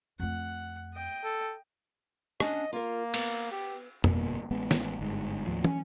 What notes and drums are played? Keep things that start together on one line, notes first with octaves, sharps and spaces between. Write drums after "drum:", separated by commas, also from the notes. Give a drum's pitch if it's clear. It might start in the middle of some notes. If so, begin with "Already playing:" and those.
F2 A3 F#5
D#5 G5
A4
C#4 D4 D#5 F#5, drum: rim click
A#3 F4 A#4
B3, drum: cymbal
G4
G1 B2 A#3, drum: tom
A1 G#3 B3
drum: snare
G1 G#2
D#2 A2 F3
C#4, drum: tom